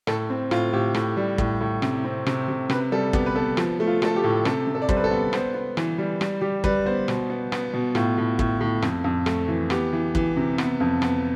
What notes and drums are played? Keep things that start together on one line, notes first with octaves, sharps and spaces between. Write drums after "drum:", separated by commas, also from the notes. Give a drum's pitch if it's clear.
A2 A4, drum: rim click
C4
A2 F4, drum: rim click
A2 G4
A2, drum: rim click
G3
A2, drum: kick
A2
C3, drum: rim click
C4
C3, drum: rim click
C3
C3 B4, drum: rim click
G3 A4
B3 G4, drum: kick
B4
B3 A4
F3, drum: rim click
A3
F4
A3 A4, drum: rim click
G4
A2
C3 A4, drum: rim click
C3
A4
D5
G3 C5, drum: kick
B4
A4
B3
B3 C5, drum: rim click
B3
E3, drum: rim click
G3
G3, drum: rim click
G3 G4
G3 B4, drum: kick
B3 C5
B2, drum: rim click
B3
B3, drum: rim click
B2
A2 F4, drum: rim click
A2
A2, drum: kick
A2
F2, drum: rim click
F2
A3, drum: rim click
E3
B3 G4, drum: rim click
E3
E3, drum: kick
C3
B3, drum: rim click
F2
B3, drum: rim click